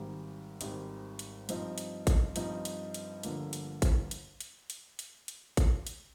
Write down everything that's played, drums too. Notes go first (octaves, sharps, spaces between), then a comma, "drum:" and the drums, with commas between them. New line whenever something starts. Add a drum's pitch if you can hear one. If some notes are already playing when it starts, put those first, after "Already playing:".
Already playing: G#1 G#2 D#3 G3
G#1 G#2 D#3 G3, drum: hi-hat
drum: hi-hat
G2 F3 C4 D#4, drum: hi-hat
drum: hi-hat
drum: kick G#1, hi-hat
G2 F3 C4 D#4, drum: hi-hat
drum: hi-hat
drum: hi-hat
G1 G2 D3 F3 A#3, drum: hi-hat
drum: hi-hat
drum: kick G#1, hi-hat
drum: hi-hat
drum: hi-hat
drum: hi-hat
drum: hi-hat
drum: hi-hat
drum: kick G#1, hi-hat
drum: hi-hat